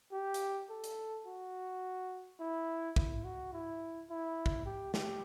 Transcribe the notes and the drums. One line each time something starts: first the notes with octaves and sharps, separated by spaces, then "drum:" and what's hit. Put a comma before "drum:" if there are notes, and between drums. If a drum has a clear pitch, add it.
G4
drum: hi-hat
A4
drum: hi-hat
F#4
E4
E4, drum: kick
F#4
E4
E4
drum: kick
G4
G4, drum: snare